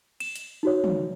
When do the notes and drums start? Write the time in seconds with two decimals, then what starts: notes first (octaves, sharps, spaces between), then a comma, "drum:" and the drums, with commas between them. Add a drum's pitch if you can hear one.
0.20 E7, drum: cymbal
0.35 drum: hi-hat
0.63 D#4 F#4 C#5
0.84 drum: tom